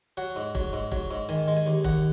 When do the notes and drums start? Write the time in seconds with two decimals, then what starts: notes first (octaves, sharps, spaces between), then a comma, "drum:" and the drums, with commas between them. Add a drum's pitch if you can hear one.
0.17 F#3 F#5
0.36 G#2
0.55 F#3, drum: kick F1
0.73 G#2
0.92 F#3, drum: kick F1
1.11 G#2
1.29 D#3 G#5
1.48 G#3
1.57 G#5
1.66 D#2
1.85 D#2 F#5, drum: kick F1